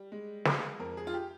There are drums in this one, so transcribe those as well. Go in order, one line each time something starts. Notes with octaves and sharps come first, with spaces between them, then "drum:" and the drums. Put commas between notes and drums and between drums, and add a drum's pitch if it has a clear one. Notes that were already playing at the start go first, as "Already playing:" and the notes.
Already playing: G3
G#3
G#3, drum: snare
F2 A#4
G#4
F4
G4